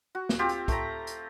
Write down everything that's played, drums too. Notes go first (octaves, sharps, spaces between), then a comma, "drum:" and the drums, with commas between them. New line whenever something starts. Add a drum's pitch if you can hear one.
F#4
drum: snare
C4 F4 G4
drum: hi-hat
A3 A#5, drum: kick, hi-hat
drum: hi-hat